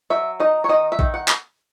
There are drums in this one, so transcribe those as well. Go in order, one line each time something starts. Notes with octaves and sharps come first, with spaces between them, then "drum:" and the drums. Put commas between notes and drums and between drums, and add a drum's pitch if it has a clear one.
F#3 E5
D#4 D#5
C#5
D#3 D#5
E5
D#3, drum: kick A#1
F#5
drum: clap